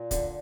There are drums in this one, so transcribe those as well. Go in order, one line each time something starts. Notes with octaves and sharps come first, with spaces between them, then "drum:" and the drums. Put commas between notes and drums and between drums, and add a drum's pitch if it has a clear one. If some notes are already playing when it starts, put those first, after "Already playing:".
Already playing: A#2
D3, drum: kick, hi-hat